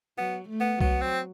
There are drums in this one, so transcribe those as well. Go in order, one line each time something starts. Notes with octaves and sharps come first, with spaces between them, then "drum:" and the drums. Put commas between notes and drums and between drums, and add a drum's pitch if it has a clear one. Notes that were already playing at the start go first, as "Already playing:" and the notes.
F#3 B3
A3
B3
F#3 B3, drum: kick C2
C4